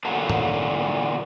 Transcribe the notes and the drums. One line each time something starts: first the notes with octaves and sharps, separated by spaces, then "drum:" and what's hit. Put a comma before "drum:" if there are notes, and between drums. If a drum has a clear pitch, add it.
E2 A#2 D3 F#3 A3 A5
drum: tom G#2